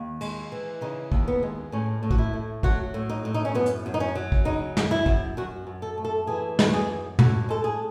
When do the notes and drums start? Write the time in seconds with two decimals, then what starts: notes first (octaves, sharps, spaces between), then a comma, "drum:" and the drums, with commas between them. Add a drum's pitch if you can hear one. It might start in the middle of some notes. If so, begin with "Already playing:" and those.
Already playing: D#2
0.21 G#3, drum: cymbal
0.52 E3
0.81 C#3 D#4
1.12 D#2, drum: kick A1
1.28 B3
1.43 G#3
1.72 A2 C#4
2.03 A2
2.11 F#4, drum: kick A1
2.18 E4
2.33 A3
2.63 F#3 F#4, drum: kick A1
2.94 A2
3.10 D#4
3.25 A2
3.34 D#4
3.45 C#4
3.55 F#2 B3
3.66 drum: hi-hat
3.86 F#2
3.94 D#4
4.00 C#4
4.15 F#3
4.32 drum: kick A1
4.45 C#3 D#4
4.77 F#2, drum: snare
4.91 E4
5.06 F#2, drum: kick A1
5.37 F#2 F#4
5.67 F#2
5.82 A4
5.98 A3
6.05 A4
6.27 E3 G#4
6.59 F#2, drum: snare
6.68 F#4
6.74 G#4
6.88 F#2
7.19 A2 F#4, drum: tom
7.49 G#3 A4
7.64 G#4